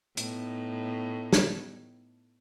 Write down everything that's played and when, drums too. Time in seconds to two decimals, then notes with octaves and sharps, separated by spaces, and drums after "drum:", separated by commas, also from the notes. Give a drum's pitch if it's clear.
0.17 A2 B3 D#4, drum: hi-hat
1.33 drum: snare